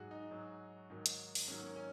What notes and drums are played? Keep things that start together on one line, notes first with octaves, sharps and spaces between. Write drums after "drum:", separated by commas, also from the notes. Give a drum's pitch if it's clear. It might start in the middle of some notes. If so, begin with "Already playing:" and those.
Already playing: G#2 F#3 F#4 G#4
D#4
G#2 F#3
G#2 D#3 F#3
drum: hi-hat
drum: open hi-hat
G#2 D#3 F#3 C#4
A#3
C#4